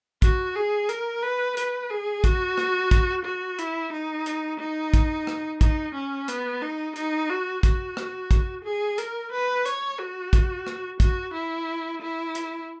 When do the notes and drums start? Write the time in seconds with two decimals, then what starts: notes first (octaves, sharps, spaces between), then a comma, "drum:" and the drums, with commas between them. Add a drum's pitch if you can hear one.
0.22 F#4, drum: kick, hi-hat
0.55 G#4
0.89 A#4, drum: hi-hat
1.23 B4
1.57 B4, drum: hi-hat
1.90 G#4
2.24 F#4, drum: kick, hi-hat
2.58 drum: rim click
2.91 drum: kick, hi-hat
3.25 F#4
3.59 E4, drum: hi-hat
3.93 D#4
4.26 drum: hi-hat
4.60 D#4
4.94 drum: kick, hi-hat
5.27 drum: rim click
5.61 D#4, drum: kick, hi-hat
5.95 C#4
6.28 B3, drum: hi-hat
6.62 D#4
6.96 D#4, drum: hi-hat
7.29 F#4
7.63 F#4, drum: kick, hi-hat
7.97 drum: rim click
8.31 drum: kick, hi-hat
8.64 G#4
8.98 A#4, drum: hi-hat
9.32 B4
9.66 C#5, drum: hi-hat
9.99 F#4
10.33 drum: kick, hi-hat
10.67 drum: rim click
11.00 F#4, drum: kick, hi-hat
11.34 E4
12.02 E4
12.35 drum: hi-hat